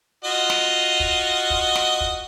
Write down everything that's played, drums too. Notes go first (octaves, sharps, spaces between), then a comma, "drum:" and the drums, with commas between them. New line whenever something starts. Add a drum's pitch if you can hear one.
F4 F#4 D#5
drum: snare
drum: kick
drum: kick
drum: snare
drum: kick